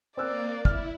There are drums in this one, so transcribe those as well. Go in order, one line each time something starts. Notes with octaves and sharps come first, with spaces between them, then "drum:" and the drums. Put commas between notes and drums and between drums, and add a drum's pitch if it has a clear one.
A#3 C4 D5 E6 F#6
E4 F6, drum: kick